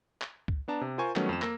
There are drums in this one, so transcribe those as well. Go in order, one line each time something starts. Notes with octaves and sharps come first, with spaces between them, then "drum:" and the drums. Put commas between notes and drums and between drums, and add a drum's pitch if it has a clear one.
drum: clap
drum: kick
B3 D4 A5 A#5
C3
F4 A#4 C5 G#5 C#6
D#3 F#3 G3 A3 B3 C#4, drum: clap
F2 E7
A#3 E6 A#6, drum: clap